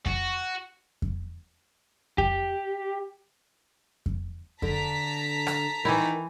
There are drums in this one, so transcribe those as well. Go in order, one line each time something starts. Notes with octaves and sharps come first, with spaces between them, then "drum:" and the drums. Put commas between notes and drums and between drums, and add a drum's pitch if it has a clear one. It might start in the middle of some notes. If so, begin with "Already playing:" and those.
F#4, drum: kick F2
drum: kick F2
G4, drum: kick F2
drum: kick F2
D3 A5 A#5 B6, drum: kick F2
drum: rim click
D#3 E3 E4